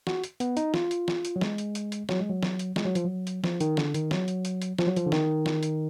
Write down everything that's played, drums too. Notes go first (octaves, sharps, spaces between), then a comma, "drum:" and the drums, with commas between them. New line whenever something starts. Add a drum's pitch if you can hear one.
F#4, drum: snare
drum: hi-hat
B3, drum: hi-hat
D#4, drum: hi-hat
F4, drum: snare
drum: hi-hat
drum: snare
drum: hi-hat
F#3
G#3, drum: snare
drum: hi-hat
drum: hi-hat
drum: hi-hat
F#3, drum: snare
G#3
F#3
drum: snare
drum: hi-hat
G#3, drum: snare
F#3
F3, drum: hi-hat
F#3
drum: hi-hat
F3, drum: snare
D#3, drum: hi-hat
D3, drum: snare
D#3, drum: hi-hat
F#3, drum: snare
drum: hi-hat
drum: hi-hat
drum: hi-hat
F3, drum: snare
F#3
F3, drum: hi-hat
D3
D#3, drum: snare
drum: snare
drum: hi-hat